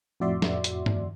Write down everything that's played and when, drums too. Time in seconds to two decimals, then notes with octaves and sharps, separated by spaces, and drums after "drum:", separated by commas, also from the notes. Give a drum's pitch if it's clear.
0.20 F2 A2 F#4 D5 E5 C6
0.42 drum: snare
0.64 drum: hi-hat
0.86 drum: tom G2